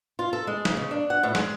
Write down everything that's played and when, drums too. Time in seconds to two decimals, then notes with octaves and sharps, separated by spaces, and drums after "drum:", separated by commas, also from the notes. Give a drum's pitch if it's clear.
0.19 F4
0.33 A4
0.47 G#3
0.65 drum: snare
0.77 C#3
0.91 D4
1.10 F#5
1.23 A2
1.35 G#3, drum: snare